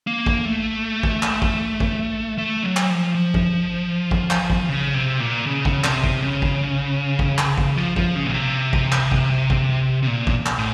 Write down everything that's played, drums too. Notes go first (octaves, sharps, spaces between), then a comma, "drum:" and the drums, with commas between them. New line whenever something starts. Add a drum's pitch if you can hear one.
A#3
drum: kick A1
A3
drum: kick A1
drum: clap
drum: kick A1
drum: kick A1
A3
F#3
drum: clap
F3
F3
drum: kick A1
drum: kick A1
drum: clap
drum: kick A1
C#3
C3
A#2
C#3
drum: kick A1
C3, drum: clap
drum: kick A1
C#3
drum: kick A1
drum: kick A1
drum: clap
drum: kick A1
F3
F3, drum: kick A1
C#3
A#2
C3
drum: kick A1
drum: clap
drum: kick A1
drum: kick A1
C3
A#2
drum: kick A1
drum: clap
A2